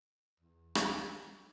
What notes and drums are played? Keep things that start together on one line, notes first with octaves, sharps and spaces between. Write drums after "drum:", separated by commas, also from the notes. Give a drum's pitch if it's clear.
E2
drum: rim click